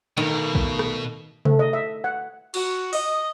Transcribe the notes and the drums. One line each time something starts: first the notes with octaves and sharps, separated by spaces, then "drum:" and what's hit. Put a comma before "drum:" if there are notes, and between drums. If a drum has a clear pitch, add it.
B2 D#3 A3 A#4
drum: kick
drum: rim click
A3, drum: tom C3
D#5
E5
F#5
F#4, drum: cymbal
D#5, drum: open hi-hat